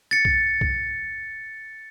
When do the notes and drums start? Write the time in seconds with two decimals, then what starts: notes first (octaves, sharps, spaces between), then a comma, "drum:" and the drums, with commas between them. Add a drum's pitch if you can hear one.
0.11 A6 C#7
0.25 drum: kick C2
0.61 drum: kick C2